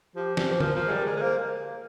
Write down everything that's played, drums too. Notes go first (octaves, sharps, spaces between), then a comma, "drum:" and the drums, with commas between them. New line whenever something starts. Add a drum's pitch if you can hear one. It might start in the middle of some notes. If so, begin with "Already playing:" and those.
F3 G4
G4, drum: snare
C5
F3 A#4, drum: tom D3
F3
G#3
G3
G#3 A#4
G#3
A#3 C5